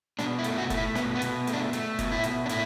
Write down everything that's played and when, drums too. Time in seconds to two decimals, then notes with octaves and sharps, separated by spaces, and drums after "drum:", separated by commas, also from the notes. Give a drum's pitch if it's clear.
0.19 B2 D4, drum: snare
0.39 E4
0.44 A3, drum: hi-hat
0.58 F#4
0.70 A3, drum: kick F#1, hi-hat
0.77 E4
0.95 B2 B3, drum: snare
1.15 B3
1.22 B2, drum: hi-hat
1.47 A3, drum: hi-hat
1.53 D4
1.73 A3, drum: hi-hat
1.99 B2, drum: kick F#1, hi-hat
2.12 E4
2.24 B2, drum: hi-hat
2.46 D4
2.49 A3 E4, drum: hi-hat